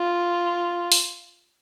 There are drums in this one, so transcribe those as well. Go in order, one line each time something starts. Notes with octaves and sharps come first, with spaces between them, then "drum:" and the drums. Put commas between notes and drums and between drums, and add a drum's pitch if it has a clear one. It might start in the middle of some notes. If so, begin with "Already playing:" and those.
Already playing: F4
drum: open hi-hat